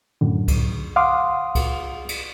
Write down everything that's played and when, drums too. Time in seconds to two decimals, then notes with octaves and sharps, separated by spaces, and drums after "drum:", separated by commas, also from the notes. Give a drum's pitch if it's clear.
0.21 F#2 A2 D3
0.48 drum: kick C2, cymbal
0.96 F5 F#5 C6 D6 D#6
1.55 drum: kick C2, cymbal
2.09 drum: cymbal